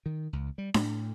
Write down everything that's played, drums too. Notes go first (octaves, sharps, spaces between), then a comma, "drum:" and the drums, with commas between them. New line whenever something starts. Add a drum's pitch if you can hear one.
D#3
C#2
G3
A2, drum: snare D4